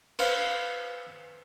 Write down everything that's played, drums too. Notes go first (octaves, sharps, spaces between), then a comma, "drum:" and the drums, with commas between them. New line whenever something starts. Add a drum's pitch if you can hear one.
B4 C5 F5, drum: cymbal